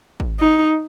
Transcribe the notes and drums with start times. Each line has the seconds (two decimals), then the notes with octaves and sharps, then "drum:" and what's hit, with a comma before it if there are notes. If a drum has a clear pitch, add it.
0.20 drum: kick
0.40 D#4